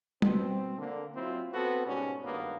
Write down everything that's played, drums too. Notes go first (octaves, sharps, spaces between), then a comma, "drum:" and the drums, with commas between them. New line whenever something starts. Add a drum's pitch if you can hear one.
B2 C4, drum: tom G3
D3 A#3
F#3 C4 E4 F4
B3 C4 F#4 A4
G#2 B2 G3 C#4
G#1 G2 A#3 B3